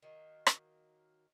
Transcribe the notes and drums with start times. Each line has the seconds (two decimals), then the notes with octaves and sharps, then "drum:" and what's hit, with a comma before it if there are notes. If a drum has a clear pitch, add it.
0.02 D#3 F#3 A#3
0.47 drum: rim click